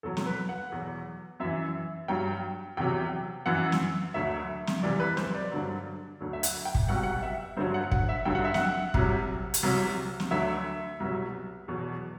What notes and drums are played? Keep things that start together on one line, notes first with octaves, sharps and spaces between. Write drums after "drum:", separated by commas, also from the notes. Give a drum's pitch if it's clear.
E2 B2 F#3 A4
drum: snare
B4
F#5
E2 B2 F#3
F#2 E3 E5
G2 F#3 G5
E2 C3 F#3 G5
F#2 E3 F#5
drum: snare
D2 D3 F#3 E5
drum: snare
C2 C3 E3 D5
B4
C5, drum: snare
D5
G2 D3 F#3
D2 D3 F#3
E5
F#5, drum: hi-hat
G5
drum: kick
C2 B2 F#3 F#5
G5
F#5
E5
G2 D3 F#3 C5
F#5
F#5, drum: kick
E5
G2 D3 F#3 G5
F#5
E5
F#5, drum: snare
C2 C3 F#3, drum: kick
drum: hi-hat
C2 C3 F#3
drum: snare
D2 D3 F#3 E5
C2 B2 F#3
E2 B2 F#3